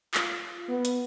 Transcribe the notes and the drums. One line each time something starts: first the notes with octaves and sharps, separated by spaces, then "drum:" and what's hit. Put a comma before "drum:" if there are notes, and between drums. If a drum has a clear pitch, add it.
F4, drum: clap
B3
drum: hi-hat